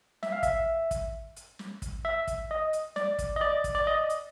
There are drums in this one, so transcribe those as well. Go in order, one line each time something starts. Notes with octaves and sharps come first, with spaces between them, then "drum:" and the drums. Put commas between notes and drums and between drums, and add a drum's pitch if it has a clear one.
E5, drum: snare
F5
E5, drum: kick, hi-hat
drum: kick, hi-hat
drum: hi-hat
drum: snare
drum: kick, hi-hat
E5
drum: kick, hi-hat
D#5
drum: hi-hat
D5, drum: snare
drum: kick, hi-hat
D#5
D5
drum: kick, hi-hat
D5
D#5
drum: hi-hat